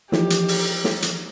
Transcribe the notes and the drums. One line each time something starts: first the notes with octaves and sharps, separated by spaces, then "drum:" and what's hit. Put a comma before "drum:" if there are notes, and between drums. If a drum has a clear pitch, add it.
E3 F3 D#4 G4, drum: snare
drum: hi-hat
drum: open hi-hat
drum: snare
drum: hi-hat